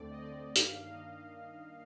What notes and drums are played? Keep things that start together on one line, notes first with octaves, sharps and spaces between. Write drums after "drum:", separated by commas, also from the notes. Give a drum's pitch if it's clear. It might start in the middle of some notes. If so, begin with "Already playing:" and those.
Already playing: D2 D3 A3 C4 D5
D#5
D2 D3 A3 C4 D5
G2 D#3 A#3 D4 F5, drum: hi-hat
F5
G2 D#3 A#3 D4 D#5